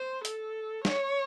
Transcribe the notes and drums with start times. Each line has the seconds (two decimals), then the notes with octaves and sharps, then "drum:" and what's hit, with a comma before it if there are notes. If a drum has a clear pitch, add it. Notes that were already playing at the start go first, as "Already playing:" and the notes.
Already playing: C5
0.25 A4, drum: hi-hat
0.85 C#5, drum: snare